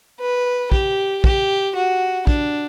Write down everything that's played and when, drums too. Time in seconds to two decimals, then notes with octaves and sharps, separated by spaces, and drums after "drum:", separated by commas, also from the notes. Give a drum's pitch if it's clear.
0.20 B4
0.72 G4, drum: kick
1.24 G4, drum: kick
1.75 F#4
2.27 D4, drum: kick